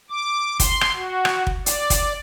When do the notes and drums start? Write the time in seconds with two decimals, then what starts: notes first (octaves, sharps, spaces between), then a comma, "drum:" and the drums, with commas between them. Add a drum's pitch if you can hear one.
0.10 D6
0.60 C6, drum: kick, hi-hat
0.81 drum: rim click
0.96 F#4
1.25 drum: rim click
1.47 drum: kick
1.66 D5, drum: hi-hat
1.90 drum: kick, hi-hat